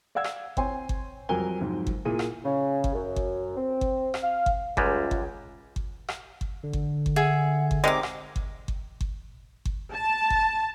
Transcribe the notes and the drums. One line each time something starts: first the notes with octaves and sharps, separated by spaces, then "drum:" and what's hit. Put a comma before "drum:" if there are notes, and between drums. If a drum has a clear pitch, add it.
D5 F5 F#5 E6 G#6
drum: rim click
C4 C#5 G5 G#5 C6, drum: kick G1
drum: kick G1
F2 F#3 G3 A#4 G#5 G7
F2 G#2 F#3
drum: kick G1
A#2 A#3 E4 G#4 D#7
drum: rim click
C#3
drum: kick G1
F#2
drum: kick G1
C4
drum: kick G1
drum: rim click
F5
drum: kick G1
C#2 F#2 G3 G#3, drum: kick G1
drum: kick G1
drum: kick G1
drum: rim click
drum: kick G1
D3
drum: kick G1
drum: kick G1
G#4 E5 F#5 G#5
drum: kick G1
C3 D#3 G#3 A#4 D5 D6
drum: rim click
drum: kick G1
drum: kick G1
drum: kick G1
drum: kick G1
A5
drum: kick G1